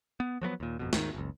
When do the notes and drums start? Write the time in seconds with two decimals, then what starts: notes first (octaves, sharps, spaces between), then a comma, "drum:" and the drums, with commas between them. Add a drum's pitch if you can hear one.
0.20 B3
0.42 F3 F#3 A3 B3
0.60 D#2 A#2
0.79 G1 F2 B2
0.93 D#2 G#2 B2 D#3, drum: snare
1.15 F#1 C#2